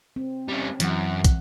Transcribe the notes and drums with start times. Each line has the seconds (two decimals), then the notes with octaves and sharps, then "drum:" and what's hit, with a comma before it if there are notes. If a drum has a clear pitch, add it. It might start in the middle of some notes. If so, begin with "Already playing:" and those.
0.16 C4
0.48 G3 C#4
0.80 F#2 E3 F#5, drum: hi-hat
1.24 drum: kick, hi-hat